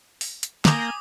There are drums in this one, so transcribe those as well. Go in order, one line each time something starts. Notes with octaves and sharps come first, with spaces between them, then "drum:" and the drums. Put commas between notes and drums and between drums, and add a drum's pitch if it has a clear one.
drum: open hi-hat
drum: hi-hat
A#3 G#5 A#5 D6 D#6 G6, drum: snare